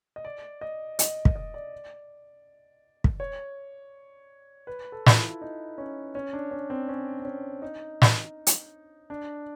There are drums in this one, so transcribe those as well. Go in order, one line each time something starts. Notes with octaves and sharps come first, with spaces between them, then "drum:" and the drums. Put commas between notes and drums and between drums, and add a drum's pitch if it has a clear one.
D#5
D5
D#5
D#5, drum: hi-hat
drum: kick
D#5
D5
drum: kick
C#5
B4
A4
F4, drum: snare
E4
D#4
C#4
C#4
D4
C#4
C4
C#4
C4
C#4
D#4
drum: snare
drum: hi-hat
D4